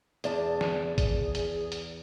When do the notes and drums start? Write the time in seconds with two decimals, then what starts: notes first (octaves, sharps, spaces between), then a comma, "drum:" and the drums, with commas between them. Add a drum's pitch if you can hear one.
0.24 E2 G#4 D5 A5, drum: hi-hat
0.61 drum: snare
0.98 drum: kick, hi-hat
1.35 drum: hi-hat
1.72 drum: hi-hat